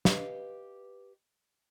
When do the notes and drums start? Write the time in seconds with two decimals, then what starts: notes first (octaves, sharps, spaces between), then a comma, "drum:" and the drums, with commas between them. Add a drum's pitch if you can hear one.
0.05 G4 B4 D#5 F5, drum: snare